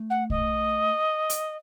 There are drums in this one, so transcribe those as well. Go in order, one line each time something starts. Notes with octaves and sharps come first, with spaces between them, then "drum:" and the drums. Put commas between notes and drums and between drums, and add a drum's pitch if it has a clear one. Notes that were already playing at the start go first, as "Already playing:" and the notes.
Already playing: A3
F#5
D#5, drum: kick
drum: hi-hat